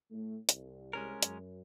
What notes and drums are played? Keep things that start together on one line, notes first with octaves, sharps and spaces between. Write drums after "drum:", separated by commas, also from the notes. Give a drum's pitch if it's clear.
A2 A3
C2, drum: hi-hat
G#3 C#4 A#4
F#2, drum: hi-hat